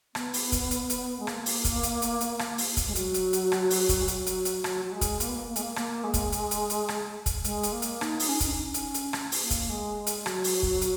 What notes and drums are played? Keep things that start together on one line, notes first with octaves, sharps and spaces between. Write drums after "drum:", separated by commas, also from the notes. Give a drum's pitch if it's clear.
B3, drum: rim click
drum: open hi-hat
drum: kick, hi-hat
drum: hi-hat
drum: hi-hat
G#3
A#3, drum: rim click
drum: open hi-hat
drum: kick, hi-hat
drum: hi-hat
drum: hi-hat
drum: hi-hat
drum: rim click
drum: open hi-hat
drum: kick, hi-hat
G#3
F#3, drum: hi-hat
drum: hi-hat
drum: hi-hat
drum: rim click
drum: open hi-hat
drum: kick, hi-hat
G#3
F#3, drum: hi-hat
drum: hi-hat
drum: hi-hat
F#3, drum: rim click
F#3
G#3
drum: kick, hi-hat
A#3, drum: hi-hat
B3
A#3
A#3
G#3, drum: hi-hat
A#3
A#3, drum: rim click
G#3
drum: kick, hi-hat
drum: hi-hat
drum: hi-hat
drum: hi-hat
drum: rim click
drum: kick, hi-hat
G#3, drum: hi-hat
drum: hi-hat
A#3
drum: hi-hat
D#4, drum: rim click
drum: open hi-hat
C#4
D#4, drum: kick, hi-hat
C#4
D#4
C#4, drum: hi-hat
drum: hi-hat
drum: rim click
drum: open hi-hat
A#3
drum: kick, hi-hat
G#3
drum: hi-hat
F#3, drum: rim click
drum: open hi-hat
drum: kick
drum: hi-hat